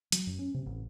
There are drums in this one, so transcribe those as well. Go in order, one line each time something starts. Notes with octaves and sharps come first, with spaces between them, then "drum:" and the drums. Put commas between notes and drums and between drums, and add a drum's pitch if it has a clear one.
F#3, drum: hi-hat
F#2
C#4
C3
A1